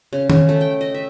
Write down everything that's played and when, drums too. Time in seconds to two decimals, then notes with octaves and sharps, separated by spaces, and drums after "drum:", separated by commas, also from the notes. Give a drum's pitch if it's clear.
0.13 C#3
0.30 C#3, drum: tom D#3
0.49 A3
0.61 G5
0.81 D#5
0.94 E5